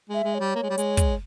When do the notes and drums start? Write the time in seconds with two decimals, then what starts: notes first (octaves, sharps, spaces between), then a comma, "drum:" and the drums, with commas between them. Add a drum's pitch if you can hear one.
0.09 G#3 E5
0.24 G#3
0.35 C#5
0.40 G3
0.55 A#3
0.63 G#3
0.70 G3
0.78 G#3, drum: hi-hat
0.97 drum: kick, hi-hat